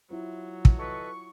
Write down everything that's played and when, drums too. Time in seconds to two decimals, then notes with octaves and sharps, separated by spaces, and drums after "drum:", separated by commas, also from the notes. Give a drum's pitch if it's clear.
0.11 F#3 E4 F4 C5
0.65 drum: kick
0.78 A4 B4 D#5 C#6